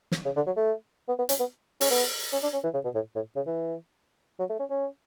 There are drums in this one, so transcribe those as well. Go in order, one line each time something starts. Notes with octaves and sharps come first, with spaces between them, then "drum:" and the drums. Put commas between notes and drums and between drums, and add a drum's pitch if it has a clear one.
drum: snare
C#3
D3
F#3
A3
B3
B3
C#4, drum: hi-hat
B3
C#4, drum: open hi-hat
B3
C#4
D4
C#4
E3
C#3
B2
A2
A2
C#3
E3
F#3
A3
C#4
C#4